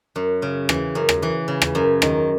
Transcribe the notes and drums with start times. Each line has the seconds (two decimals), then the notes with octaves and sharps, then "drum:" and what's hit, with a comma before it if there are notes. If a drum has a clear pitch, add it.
0.16 F#2
0.42 C#3
0.69 E3, drum: rim click
0.95 F#2
1.09 drum: rim click
1.23 E3
1.48 C#3
1.62 drum: rim click
1.75 F#2
2.02 D#3, drum: rim click